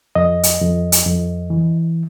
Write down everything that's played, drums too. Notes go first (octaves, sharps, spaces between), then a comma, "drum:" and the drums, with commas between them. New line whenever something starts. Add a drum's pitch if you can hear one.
F2 D#5
drum: hi-hat
F2
drum: hi-hat
F2
E3